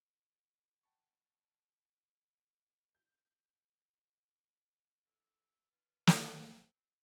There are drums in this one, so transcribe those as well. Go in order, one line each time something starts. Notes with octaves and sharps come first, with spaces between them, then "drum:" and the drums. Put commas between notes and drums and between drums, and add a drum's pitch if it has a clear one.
F#5 G5 A5 B5 C#6
G6
E2 A2 E6
C#4 F4 A#4 B4
drum: snare
C4